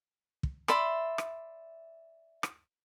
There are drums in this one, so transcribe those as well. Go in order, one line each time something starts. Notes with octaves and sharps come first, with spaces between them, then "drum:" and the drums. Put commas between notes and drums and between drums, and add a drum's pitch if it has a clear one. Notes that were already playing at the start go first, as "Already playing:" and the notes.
drum: kick
D5 E5 B5 C6, drum: rim click
drum: rim click
drum: rim click